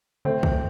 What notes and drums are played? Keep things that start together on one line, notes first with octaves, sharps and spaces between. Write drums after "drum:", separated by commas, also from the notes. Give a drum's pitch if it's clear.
D3 A3 C4
E3, drum: kick